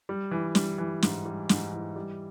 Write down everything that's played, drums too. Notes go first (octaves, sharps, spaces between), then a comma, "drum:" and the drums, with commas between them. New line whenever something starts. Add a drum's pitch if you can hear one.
G3
E3
G3, drum: snare
E3
G#2, drum: snare
G3
G#2, drum: snare
E3
G3